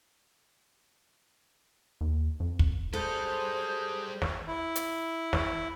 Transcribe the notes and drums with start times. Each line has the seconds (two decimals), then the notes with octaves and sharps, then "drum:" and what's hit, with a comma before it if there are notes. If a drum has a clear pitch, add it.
2.01 D#2
2.40 F2
2.59 drum: kick
2.93 G3 G#4 A4 B4 C5
4.22 drum: snare
4.48 E4
4.76 drum: hi-hat
5.33 drum: snare